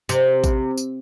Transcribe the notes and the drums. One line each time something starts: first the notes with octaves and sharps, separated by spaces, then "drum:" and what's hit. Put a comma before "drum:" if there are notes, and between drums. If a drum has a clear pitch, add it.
C3, drum: tambourine
drum: kick A1, tambourine
drum: tambourine